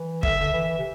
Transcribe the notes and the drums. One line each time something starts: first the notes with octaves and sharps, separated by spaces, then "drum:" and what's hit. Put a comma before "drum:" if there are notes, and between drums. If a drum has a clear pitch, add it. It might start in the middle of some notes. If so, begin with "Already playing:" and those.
Already playing: E3
D3 E5, drum: kick
D3
E3
E3
C3